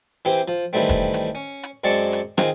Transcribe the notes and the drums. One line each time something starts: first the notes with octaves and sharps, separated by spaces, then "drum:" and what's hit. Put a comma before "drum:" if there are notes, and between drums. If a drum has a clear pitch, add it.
E3 C4 G4 C5
F3
D#3 E3 G3 A3 C4
drum: kick E1, hi-hat
drum: hi-hat
C#4
drum: hi-hat
F#2 G#3 C4 D5 A5 C#6
drum: hi-hat
D#3 C4 F4 G#4, drum: rim click